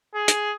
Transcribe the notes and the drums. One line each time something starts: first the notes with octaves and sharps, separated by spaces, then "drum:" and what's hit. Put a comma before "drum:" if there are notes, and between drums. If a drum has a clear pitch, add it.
G#4
drum: hi-hat